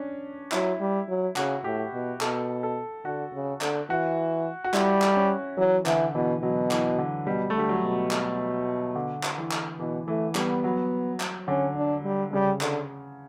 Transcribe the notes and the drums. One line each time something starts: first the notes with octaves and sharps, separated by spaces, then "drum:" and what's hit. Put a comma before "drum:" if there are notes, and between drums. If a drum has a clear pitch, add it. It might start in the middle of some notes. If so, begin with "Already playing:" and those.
Already playing: C#4 D4
F#3 E4, drum: clap
G3
F#3
C#3 F#4, drum: clap
A2 G4
B2
B2 A4, drum: clap
A4
D3 F#4
C#3
D3, drum: clap
E3 F#4
F#4
G3 E4, drum: clap
drum: clap
C#4
E3 F#3
D3 E3, drum: clap
B2 E3
B2 F#3
E3, drum: clap
D3
B2 G3
A3
D3 G3
F#3
B2
drum: clap
D3
drum: clap
E3
drum: clap
B2 E3
E3 A3
G3 B3, drum: clap
F#3
drum: clap
D3 C#4
D4
G3
C#3 G3
D3, drum: clap